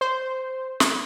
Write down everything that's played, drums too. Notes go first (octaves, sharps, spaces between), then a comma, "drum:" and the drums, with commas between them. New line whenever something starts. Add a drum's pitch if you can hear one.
C5
drum: snare